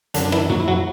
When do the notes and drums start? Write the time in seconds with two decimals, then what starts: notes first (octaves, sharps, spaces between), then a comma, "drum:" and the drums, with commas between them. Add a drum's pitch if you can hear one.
0.14 F#2 D3 F#3 D4, drum: hi-hat
0.25 D4
0.32 E3 E4, drum: rim click
0.50 F#3 F#4, drum: tom
0.60 E4
0.68 F#3 F#4